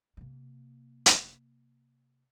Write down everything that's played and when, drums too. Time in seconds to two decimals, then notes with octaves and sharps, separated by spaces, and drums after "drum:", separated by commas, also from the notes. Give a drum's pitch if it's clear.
0.17 C3 A#3
1.06 drum: hi-hat